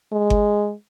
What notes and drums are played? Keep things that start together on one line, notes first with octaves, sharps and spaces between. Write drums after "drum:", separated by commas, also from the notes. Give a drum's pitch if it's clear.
G#3
drum: kick G1